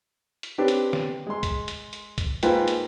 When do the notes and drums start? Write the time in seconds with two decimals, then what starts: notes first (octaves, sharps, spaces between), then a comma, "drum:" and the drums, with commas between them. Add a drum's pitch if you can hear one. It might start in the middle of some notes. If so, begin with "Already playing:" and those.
0.43 drum: hi-hat
0.58 C4 D4 G4 B4 C#5
0.68 drum: hi-hat
0.93 drum: snare
1.27 G#3 C6
1.43 drum: kick C2, hi-hat
1.68 drum: hi-hat
1.93 drum: hi-hat
2.18 drum: kick C2, hi-hat
2.43 G#2 A#3 F4 B4 G5, drum: hi-hat
2.68 drum: hi-hat